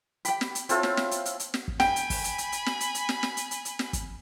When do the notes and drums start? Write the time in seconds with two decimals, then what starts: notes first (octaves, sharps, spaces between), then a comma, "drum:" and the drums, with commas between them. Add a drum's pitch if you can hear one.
0.25 G4 G5 B5, drum: hi-hat
0.41 drum: snare
0.55 drum: hi-hat
0.69 C4 E4 F4 A4 C#5 A5, drum: hi-hat
0.83 drum: snare
0.97 drum: snare
1.11 drum: hi-hat
1.25 drum: hi-hat
1.40 drum: hi-hat
1.54 drum: snare
1.68 drum: kick
1.80 G5 G#5 B5, drum: snare
1.96 drum: hi-hat
2.10 drum: kick, open hi-hat
2.24 drum: hi-hat
2.38 drum: hi-hat
2.52 drum: hi-hat
2.66 drum: snare
2.80 drum: hi-hat
2.95 drum: hi-hat
3.09 drum: snare
3.23 drum: snare
3.37 drum: hi-hat
3.51 drum: hi-hat
3.65 drum: hi-hat
3.79 drum: snare
3.93 drum: kick, hi-hat